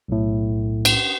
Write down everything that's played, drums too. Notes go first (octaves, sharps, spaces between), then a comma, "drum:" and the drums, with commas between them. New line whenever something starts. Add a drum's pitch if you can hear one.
B1 A2
drum: cymbal